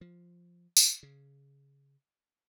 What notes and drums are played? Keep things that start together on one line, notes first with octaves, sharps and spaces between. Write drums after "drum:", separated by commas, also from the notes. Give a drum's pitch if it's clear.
F3
drum: tambourine
C#3